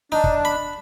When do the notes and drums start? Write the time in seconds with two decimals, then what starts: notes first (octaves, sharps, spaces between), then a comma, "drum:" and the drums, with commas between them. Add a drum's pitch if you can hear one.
0.12 D4 D#4
0.24 drum: kick
0.45 B5